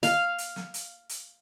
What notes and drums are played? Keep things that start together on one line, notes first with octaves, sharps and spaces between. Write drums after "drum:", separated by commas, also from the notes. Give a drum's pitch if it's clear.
F5, drum: hi-hat
drum: hi-hat
drum: snare
drum: hi-hat
drum: hi-hat